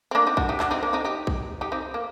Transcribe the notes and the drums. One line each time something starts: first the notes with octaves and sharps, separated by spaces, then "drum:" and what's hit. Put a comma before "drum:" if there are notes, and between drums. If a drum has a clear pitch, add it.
C4
A#3 D4
C4 D#4
D4 F#4, drum: kick B1
D#4 G4
D4 F#4, drum: clap
C4 D#4
A#3 D4
C4 D#4
D#4 G4
drum: kick B1
D#4 G4
C4 D#4
A#3